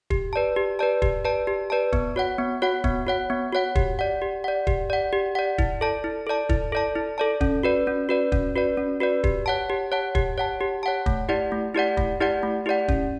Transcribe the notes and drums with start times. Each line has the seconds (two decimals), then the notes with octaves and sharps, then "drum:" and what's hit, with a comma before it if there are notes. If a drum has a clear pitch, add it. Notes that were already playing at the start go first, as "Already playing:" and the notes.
0.10 G4, drum: kick
0.33 B4 D5 A5
0.56 G4
0.79 B4 D5 A5
1.02 G4, drum: kick
1.25 B4 D5 A5
1.47 G4
1.70 B4 D5 A5
1.93 B3, drum: kick
2.16 F#4 C#5 F#5
2.38 B3
2.62 F#4 C#5 F#5
2.84 B3, drum: kick
3.07 F#4 C#5 F#5
3.30 B3
3.53 F#4 C#5 F#5
3.75 G4, drum: kick
3.99 D5 F#5
4.22 G4
4.44 D5 F#5
4.67 G4, drum: kick
4.90 D5 F#5
5.13 G4
5.35 D5 F#5
5.58 E4, drum: kick
5.81 A4 D5 A5
6.04 E4
6.27 A4 D5 A5
6.49 E4, drum: kick
6.72 A4 D5 A5
6.96 E4
7.18 A4 D5 A5
7.41 C#4, drum: kick
7.63 F#4 B4 D5
7.87 C#4
8.09 F#4 B4 D5
8.32 C#4, drum: kick
8.56 F#4 B4 D5
8.77 C#4
9.00 F#4 B4 D5
9.24 G4, drum: kick
9.46 C#5 F#5 A5
9.70 G4
9.92 C#5 F#5 A5
10.15 G4, drum: kick
10.38 C#5 F#5 A5
10.61 G4
10.83 C#5 F#5 A5
11.06 A3, drum: kick
11.29 E4 G4 D5 F#5
11.52 A3
11.75 E4 G4 D5 F#5
11.97 A3, drum: kick
12.21 E4 G4 D5 F#5
12.43 A3
12.66 E4 G4 D5 F#5
12.88 C#4, drum: kick